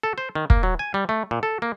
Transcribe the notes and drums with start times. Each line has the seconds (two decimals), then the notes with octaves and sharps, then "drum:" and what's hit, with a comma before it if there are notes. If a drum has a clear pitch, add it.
0.03 A4
0.18 C5
0.35 D#3
0.50 A#3, drum: kick
0.63 F#3
0.79 G#5
0.94 G3
1.09 A3
1.31 A#2
1.43 A4
1.62 A#3